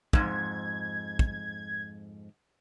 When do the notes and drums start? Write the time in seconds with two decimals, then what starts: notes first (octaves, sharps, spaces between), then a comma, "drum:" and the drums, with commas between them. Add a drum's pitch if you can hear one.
0.13 F2 G#2 G#6, drum: kick
1.19 drum: kick